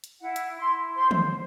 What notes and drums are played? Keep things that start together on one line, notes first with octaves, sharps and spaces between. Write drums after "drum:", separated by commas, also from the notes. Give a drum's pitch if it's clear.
drum: hi-hat
E4 F#5
drum: hi-hat
E4 C6
C5 C6
drum: tom